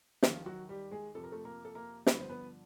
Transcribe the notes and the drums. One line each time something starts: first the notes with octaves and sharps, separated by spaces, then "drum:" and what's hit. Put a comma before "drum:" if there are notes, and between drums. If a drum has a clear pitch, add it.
D#2 D#3 F3 F4, drum: snare
F#3 F#4
G3 G4
G#3 G#4
F2 C3 F3 A4
A#4
A3 A4
A#3 A#4
A4
A#3 A#4
G2 D3 F3 B3 B4, drum: snare
C5
B3 B4